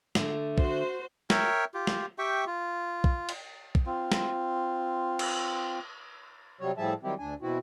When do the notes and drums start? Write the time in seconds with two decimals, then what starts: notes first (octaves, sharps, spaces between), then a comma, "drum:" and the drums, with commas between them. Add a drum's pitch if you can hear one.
0.15 D3 A3, drum: snare
0.58 F#4 C5, drum: kick
1.30 A#4 C#5 E5 G5, drum: snare
1.74 F4 G4
1.87 drum: snare
2.18 G4 E5 G5 C#6
2.47 F4
3.04 drum: kick
3.29 drum: cymbal
3.75 drum: kick
3.86 C4 F4
4.12 drum: snare
5.19 drum: cymbal
6.61 C3 F#3 G3 C#5
6.78 A2 F3 G3 G#4 E5 A5
7.03 D#3 F#3 G3 C4 E4 G4
7.19 D2 D4 G#5
7.42 B2 E3 C4 E4 F#4